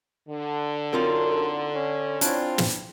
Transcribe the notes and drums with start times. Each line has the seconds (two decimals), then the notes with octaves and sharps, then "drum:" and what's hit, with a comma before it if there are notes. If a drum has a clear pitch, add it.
0.29 D3
0.93 F#2 C4 D#4 F4
1.75 C#4
2.21 C4 D4 E4 F4, drum: hi-hat
2.58 drum: snare